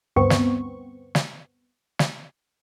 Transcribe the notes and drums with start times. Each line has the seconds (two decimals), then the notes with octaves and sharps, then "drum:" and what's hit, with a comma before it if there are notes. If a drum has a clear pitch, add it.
0.16 D2 G2 B3 C4 C#6
0.30 drum: snare
1.15 drum: snare
1.99 drum: snare